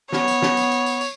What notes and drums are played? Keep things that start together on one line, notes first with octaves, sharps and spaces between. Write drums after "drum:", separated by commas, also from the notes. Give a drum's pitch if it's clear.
B3 C#5, drum: snare
drum: tambourine
drum: snare
drum: tambourine
drum: tambourine
drum: tambourine
drum: tambourine